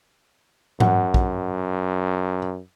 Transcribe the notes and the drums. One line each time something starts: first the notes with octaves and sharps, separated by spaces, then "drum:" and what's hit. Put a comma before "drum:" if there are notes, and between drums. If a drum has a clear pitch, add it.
F#2 F#5, drum: tom G#2
drum: kick